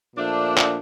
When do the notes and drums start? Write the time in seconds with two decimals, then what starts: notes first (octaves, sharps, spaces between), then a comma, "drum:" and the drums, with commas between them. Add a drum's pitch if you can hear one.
0.16 A#2 F3 A3 D4
0.57 drum: clap